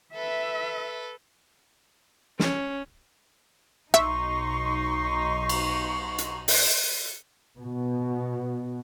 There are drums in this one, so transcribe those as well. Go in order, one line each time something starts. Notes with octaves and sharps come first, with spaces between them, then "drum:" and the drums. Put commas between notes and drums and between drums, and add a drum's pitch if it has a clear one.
A4 B4 E5
C#4, drum: snare
B1 D#4 E5 C6 C#6, drum: rim click
drum: cymbal
drum: hi-hat
drum: open hi-hat
B2